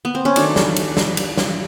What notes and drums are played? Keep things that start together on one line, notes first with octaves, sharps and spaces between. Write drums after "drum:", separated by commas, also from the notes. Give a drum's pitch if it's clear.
B3
C4
C#4
D#3 F#3 A3 D4, drum: cymbal
drum: snare
drum: cymbal
drum: snare
drum: cymbal
drum: snare